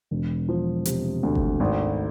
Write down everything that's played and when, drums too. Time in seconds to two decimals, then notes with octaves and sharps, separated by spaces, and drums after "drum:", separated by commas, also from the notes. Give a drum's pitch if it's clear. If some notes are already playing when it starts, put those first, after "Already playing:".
0.11 E1
0.49 F3
0.85 C3, drum: hi-hat
1.23 D2
1.35 drum: kick G1
1.60 G#1